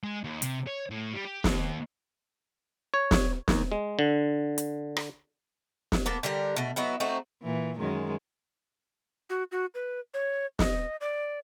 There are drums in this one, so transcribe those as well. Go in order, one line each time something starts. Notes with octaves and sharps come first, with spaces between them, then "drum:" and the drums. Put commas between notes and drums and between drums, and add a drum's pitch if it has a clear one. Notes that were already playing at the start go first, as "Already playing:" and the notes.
G#3
D#2
C3, drum: hi-hat
C#5
A2
G3
G4
D#2, drum: snare
C#5
drum: snare
D#2, drum: snare
G#3
D3
drum: hi-hat
drum: rim click
drum: snare
A#3 B3 A4
D3 G3 G4 A#4
B2 A3
F#3 B3 D#4 E4
A3 C4 D#4 F#4
A#2 E3
F#2 D#3 G#3
F#4
F#4
B4
C#5
D#5, drum: snare
D5